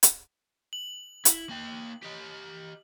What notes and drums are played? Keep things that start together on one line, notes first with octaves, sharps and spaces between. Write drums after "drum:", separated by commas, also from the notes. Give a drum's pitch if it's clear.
drum: hi-hat
F#7
E4, drum: hi-hat
A#3 G5
G4 D#5